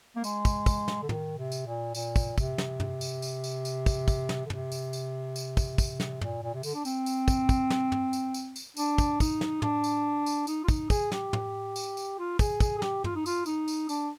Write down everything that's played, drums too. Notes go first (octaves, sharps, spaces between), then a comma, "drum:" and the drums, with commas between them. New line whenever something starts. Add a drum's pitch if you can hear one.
A#3
G#3, drum: tambourine
drum: kick, tambourine
drum: kick, tambourine
drum: snare
D3
D#3, drum: tom
C3
drum: tambourine
A#2
A#2, drum: tambourine
drum: kick, tambourine
C3, drum: kick, tambourine
drum: snare
drum: tom
drum: tambourine
drum: tambourine
drum: tambourine
drum: tambourine
drum: kick, tambourine
drum: kick, tambourine
drum: snare
D3
C3, drum: tom
drum: tambourine
drum: tambourine
drum: tambourine
drum: kick, tambourine
drum: kick, tambourine
drum: snare
A#2, drum: tom
A#2
C3
D3, drum: tambourine
D4
C4, drum: tambourine
drum: tambourine
drum: kick, tambourine
drum: kick, tambourine
drum: snare
drum: tom
drum: tambourine
drum: tambourine
drum: tambourine
D4, drum: tambourine
drum: kick, tambourine
D#4, drum: kick, tambourine
drum: snare
D4, drum: tom
drum: tambourine
drum: tambourine
D#4, drum: tambourine
F4
D#4, drum: kick, tambourine
G#4, drum: kick, tambourine
G4, drum: snare
drum: tom
drum: tambourine
drum: tambourine
F4
G#4, drum: kick, tambourine
G#4, drum: kick, tambourine
G#4
G4, drum: snare
F4, drum: tom
D#4
F4, drum: tambourine
D#4, drum: tambourine
drum: tambourine
D4, drum: tambourine